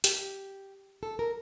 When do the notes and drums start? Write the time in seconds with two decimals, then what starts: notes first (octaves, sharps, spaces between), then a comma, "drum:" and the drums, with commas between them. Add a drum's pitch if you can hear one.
0.04 G4, drum: hi-hat
1.03 A4
1.19 A#4